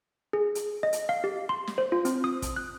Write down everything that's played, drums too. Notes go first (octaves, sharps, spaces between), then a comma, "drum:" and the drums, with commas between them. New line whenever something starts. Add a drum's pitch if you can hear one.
G#4
drum: hi-hat
D#5
drum: hi-hat
F5
G4
C6
drum: snare
C5
F4
C4, drum: hi-hat
D#6
drum: kick, hi-hat
F#6